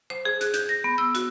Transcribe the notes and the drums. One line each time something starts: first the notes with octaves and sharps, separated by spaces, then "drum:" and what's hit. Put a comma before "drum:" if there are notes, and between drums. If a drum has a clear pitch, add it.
C5
G#4
F#6, drum: hi-hat
G6, drum: hi-hat
A#6
B3
E6
F#4, drum: hi-hat